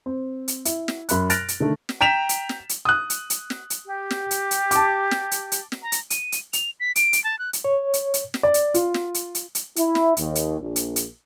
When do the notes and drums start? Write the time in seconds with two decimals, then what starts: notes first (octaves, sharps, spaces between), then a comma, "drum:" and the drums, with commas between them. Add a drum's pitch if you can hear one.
0.06 C4
0.48 drum: hi-hat
0.65 E4, drum: hi-hat
0.88 drum: snare
1.09 F#2 B5 F#6, drum: hi-hat
1.30 F6 F#6 A6 A#6 D7 F7, drum: hi-hat
1.48 drum: hi-hat
1.60 D3 D#3 A3
1.89 drum: snare
2.01 G5 A#5 B6 E7 F7
2.29 drum: hi-hat
2.49 drum: snare
2.69 drum: hi-hat
2.85 D#6 F#6
3.10 drum: hi-hat
3.30 drum: hi-hat
3.50 drum: snare
3.70 drum: hi-hat
3.86 G4
4.11 drum: snare
4.31 drum: hi-hat
4.51 drum: hi-hat
4.71 A5 D6, drum: hi-hat
5.11 drum: snare
5.31 drum: hi-hat
5.52 drum: hi-hat
5.72 drum: snare
5.82 A#5
5.92 drum: hi-hat
6.10 D#7, drum: hi-hat
6.32 drum: hi-hat
6.53 F7, drum: hi-hat
6.80 B6
6.96 D7, drum: hi-hat
7.13 drum: hi-hat
7.24 A5
7.39 F#6
7.53 drum: hi-hat
7.64 C#5
7.94 drum: hi-hat
8.14 drum: hi-hat
8.34 drum: snare
8.43 D5
8.54 drum: hi-hat
8.74 F4, drum: hi-hat
8.94 drum: snare
9.14 drum: hi-hat
9.35 drum: hi-hat
9.55 drum: hi-hat
9.76 E4, drum: hi-hat
9.95 drum: snare
10.17 D#2, drum: hi-hat
10.35 drum: hi-hat
10.59 A#1
10.76 drum: hi-hat
10.96 drum: hi-hat